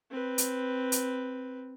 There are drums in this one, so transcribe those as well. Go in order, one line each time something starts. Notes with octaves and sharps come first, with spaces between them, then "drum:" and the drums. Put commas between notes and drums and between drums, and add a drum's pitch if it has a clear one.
C4 B4
drum: hi-hat
drum: hi-hat